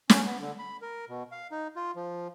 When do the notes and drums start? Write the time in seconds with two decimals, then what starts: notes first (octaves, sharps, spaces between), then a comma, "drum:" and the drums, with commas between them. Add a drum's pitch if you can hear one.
0.10 C#4, drum: snare
0.25 B3
0.40 D3
0.59 B5
0.82 A#4
1.09 B2
1.32 F5
1.52 D#4
1.76 F4
1.96 F3